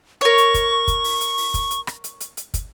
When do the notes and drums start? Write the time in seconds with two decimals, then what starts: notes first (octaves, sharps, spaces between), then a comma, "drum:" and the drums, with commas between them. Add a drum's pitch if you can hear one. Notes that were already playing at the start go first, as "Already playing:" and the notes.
0.21 A#4 C#5 C#6
0.38 drum: hi-hat
0.54 drum: kick, hi-hat
0.88 drum: kick, hi-hat
1.04 drum: open hi-hat
1.21 drum: hi-hat
1.37 drum: open hi-hat
1.54 drum: kick, hi-hat
1.71 drum: hi-hat
1.87 drum: rim click
2.04 drum: hi-hat
2.20 drum: hi-hat
2.37 drum: hi-hat
2.54 drum: kick, hi-hat